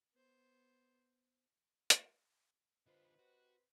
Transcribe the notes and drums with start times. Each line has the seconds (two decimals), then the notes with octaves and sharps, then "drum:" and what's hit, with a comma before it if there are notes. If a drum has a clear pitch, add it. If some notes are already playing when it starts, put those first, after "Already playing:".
0.14 B3 C5
1.90 drum: hi-hat
2.86 D3 C4 F4 G4 B4 C5 D#5
3.19 F#4